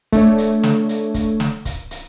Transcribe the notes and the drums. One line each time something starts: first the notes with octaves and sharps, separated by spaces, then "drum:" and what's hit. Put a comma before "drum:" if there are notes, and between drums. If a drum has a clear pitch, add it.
A3 D4 C#5, drum: kick C#1, hi-hat
drum: hi-hat
drum: snare
drum: hi-hat
drum: kick C#1, hi-hat
drum: snare
drum: kick C#1, hi-hat
drum: hi-hat